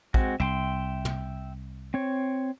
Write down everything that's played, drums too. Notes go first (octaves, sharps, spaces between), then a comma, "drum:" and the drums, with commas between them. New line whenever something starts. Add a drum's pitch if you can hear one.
G#3 C4 F#4, drum: kick
C2 E5 G5 C6
drum: tom
C4 C#5